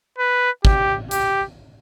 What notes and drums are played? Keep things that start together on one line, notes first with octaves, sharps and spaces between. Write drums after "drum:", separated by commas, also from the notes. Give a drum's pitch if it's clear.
B4
G4, drum: kick
G4, drum: hi-hat